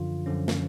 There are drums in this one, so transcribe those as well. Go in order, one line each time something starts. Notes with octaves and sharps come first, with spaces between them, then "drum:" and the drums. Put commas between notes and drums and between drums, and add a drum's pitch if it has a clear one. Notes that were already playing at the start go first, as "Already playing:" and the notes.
Already playing: F#2 D3 F3 F4
F#2 D3 F3 C#4
drum: snare